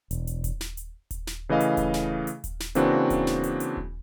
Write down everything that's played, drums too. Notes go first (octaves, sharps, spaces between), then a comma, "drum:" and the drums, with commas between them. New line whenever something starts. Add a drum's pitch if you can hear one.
E1, drum: hi-hat
drum: hi-hat
drum: kick D#1, hi-hat
drum: snare
drum: hi-hat
drum: kick D#1, hi-hat
drum: snare
C#3 E3 A3 D#5 F5
drum: hi-hat
drum: kick D#1, hi-hat
drum: snare
drum: hi-hat
drum: kick D#1, hi-hat
drum: snare
C#3 E3 A#3 C4 D4 F#4, drum: hi-hat
drum: kick D#1, hi-hat
drum: snare
drum: hi-hat
drum: hi-hat
drum: kick D#1